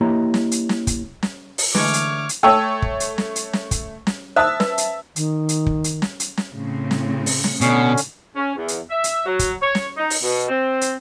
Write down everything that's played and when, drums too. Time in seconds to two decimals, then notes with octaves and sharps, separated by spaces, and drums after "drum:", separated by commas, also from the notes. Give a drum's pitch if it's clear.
0.01 A#3 E4 G4 C#5 D#5 A#5
0.34 drum: snare
0.52 drum: hi-hat
0.69 drum: snare
0.87 drum: kick, hi-hat
1.23 drum: snare
1.58 drum: open hi-hat
1.75 D3 E3 G#3 A3 C#5 D6 F6, drum: snare
1.94 drum: hi-hat
2.29 drum: hi-hat
2.43 A3 C#5 G5 A5 E6
2.82 drum: kick
3.00 drum: hi-hat
3.18 drum: snare
3.36 drum: hi-hat
3.53 drum: snare
3.71 drum: kick, hi-hat
4.07 drum: snare
4.36 C5 E5 A5 D#6 E6
4.60 B4, drum: snare
4.78 drum: hi-hat
5.16 D#3, drum: hi-hat
5.49 drum: hi-hat
5.66 drum: kick
5.84 drum: hi-hat
6.02 drum: snare
6.20 drum: hi-hat
6.37 drum: snare
6.51 A2 C#3 C4
6.91 drum: snare
7.26 drum: open hi-hat
7.44 drum: snare
7.61 B2 D3 C#4, drum: hi-hat
7.97 drum: hi-hat
8.36 C#4
8.56 E2
8.68 drum: hi-hat
8.90 E5
9.04 drum: hi-hat
9.26 F#3
9.39 drum: kick, hi-hat
9.62 C#5
9.75 drum: snare
9.98 D#4
10.10 drum: open hi-hat
10.23 B2
10.49 C4
10.81 drum: hi-hat